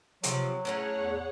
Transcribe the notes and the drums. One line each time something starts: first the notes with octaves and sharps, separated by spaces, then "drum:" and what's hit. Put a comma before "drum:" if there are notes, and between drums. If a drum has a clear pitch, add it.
C3 F3 F#3, drum: hi-hat
A2 C#4 G#4 C#5 F#5 A#5
E2